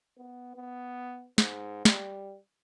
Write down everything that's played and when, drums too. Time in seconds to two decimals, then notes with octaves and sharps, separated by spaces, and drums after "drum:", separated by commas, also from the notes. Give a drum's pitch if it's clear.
0.18 B3
0.56 B3
1.38 G#2, drum: snare
1.85 G3, drum: snare